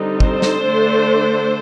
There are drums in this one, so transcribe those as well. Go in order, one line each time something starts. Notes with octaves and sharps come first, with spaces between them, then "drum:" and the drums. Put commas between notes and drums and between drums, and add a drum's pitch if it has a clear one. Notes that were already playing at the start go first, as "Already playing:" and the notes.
Already playing: D3 G3 C4 D#4
A4 C5, drum: kick
drum: snare
D3 A3 D4